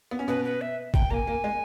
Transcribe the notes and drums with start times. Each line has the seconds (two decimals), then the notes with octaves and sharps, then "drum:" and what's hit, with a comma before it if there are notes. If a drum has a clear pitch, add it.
0.11 B3
0.19 C#4
0.28 B2 B3 B4
0.45 B4
0.61 E5
0.94 G5, drum: kick G1
1.10 A#3 A#5
1.14 G#5
1.27 A#3
1.44 G#3